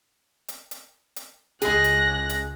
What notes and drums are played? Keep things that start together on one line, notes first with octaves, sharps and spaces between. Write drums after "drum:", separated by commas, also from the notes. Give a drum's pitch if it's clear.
drum: hi-hat
drum: hi-hat
drum: hi-hat
C#2 G#3 G#4 F#6 A#6, drum: hi-hat
drum: hi-hat
drum: hi-hat